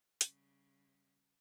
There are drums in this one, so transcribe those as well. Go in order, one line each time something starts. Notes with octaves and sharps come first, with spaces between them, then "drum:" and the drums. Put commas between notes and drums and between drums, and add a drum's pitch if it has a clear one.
C#3 G3, drum: hi-hat